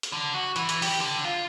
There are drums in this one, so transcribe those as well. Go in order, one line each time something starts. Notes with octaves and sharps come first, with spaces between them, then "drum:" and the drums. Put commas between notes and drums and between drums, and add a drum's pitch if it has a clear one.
drum: hi-hat
D3
F#4
E3, drum: hi-hat
drum: hi-hat
G4, drum: open hi-hat
D3
F4